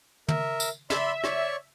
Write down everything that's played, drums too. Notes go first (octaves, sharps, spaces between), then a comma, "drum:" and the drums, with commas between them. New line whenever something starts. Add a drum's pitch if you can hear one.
A#4 E5, drum: tom
drum: tambourine
D5 E5 B5 C6, drum: snare
C#5 D5 C#6, drum: rim click